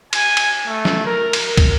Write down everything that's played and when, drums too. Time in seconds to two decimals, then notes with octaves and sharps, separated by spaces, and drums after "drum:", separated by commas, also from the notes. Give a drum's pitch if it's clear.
0.13 G#5, drum: cymbal
0.37 drum: cymbal
0.67 A3
0.85 drum: snare
1.06 A#4
1.33 drum: cymbal
1.47 A#4
1.57 drum: kick, cymbal